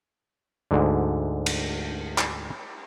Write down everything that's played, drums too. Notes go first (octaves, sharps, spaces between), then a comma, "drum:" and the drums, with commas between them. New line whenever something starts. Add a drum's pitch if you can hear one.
D2 G#2 D3
drum: cymbal
drum: clap